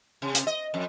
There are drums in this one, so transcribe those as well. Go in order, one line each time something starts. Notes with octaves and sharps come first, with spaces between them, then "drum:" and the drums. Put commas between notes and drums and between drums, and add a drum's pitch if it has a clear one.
C3
drum: hi-hat
D#5
F2